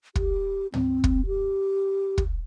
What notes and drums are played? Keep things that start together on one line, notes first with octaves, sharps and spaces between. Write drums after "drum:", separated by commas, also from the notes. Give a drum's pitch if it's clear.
G4, drum: kick
C4, drum: tom
drum: kick
G4
drum: kick